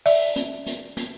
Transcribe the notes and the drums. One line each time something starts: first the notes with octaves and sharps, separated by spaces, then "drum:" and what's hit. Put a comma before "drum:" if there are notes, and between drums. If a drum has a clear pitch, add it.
D5 E5, drum: open hi-hat
drum: hi-hat
drum: hi-hat
drum: hi-hat